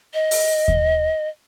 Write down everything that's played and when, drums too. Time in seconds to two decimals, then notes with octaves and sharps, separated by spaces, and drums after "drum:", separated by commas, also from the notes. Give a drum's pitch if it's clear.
0.14 D#5
0.31 drum: open hi-hat
0.68 drum: kick D#2